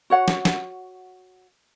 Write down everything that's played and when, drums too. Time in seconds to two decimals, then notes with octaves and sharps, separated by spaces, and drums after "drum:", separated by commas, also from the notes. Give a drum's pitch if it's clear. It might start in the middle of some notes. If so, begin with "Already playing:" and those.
0.10 F#4 C#5 F#5
0.28 drum: snare
0.45 drum: snare